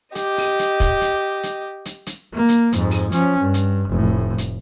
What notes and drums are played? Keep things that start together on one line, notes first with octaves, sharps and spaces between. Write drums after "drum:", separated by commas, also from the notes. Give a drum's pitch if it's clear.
G4 D#5, drum: hi-hat
drum: open hi-hat
drum: hi-hat
drum: kick, hi-hat
drum: hi-hat
drum: hi-hat
drum: hi-hat
drum: hi-hat
A#3
drum: hi-hat
F2 G#2, drum: hi-hat
drum: open hi-hat
F3 C#4, drum: hi-hat
G2
drum: hi-hat
F1 A2
drum: hi-hat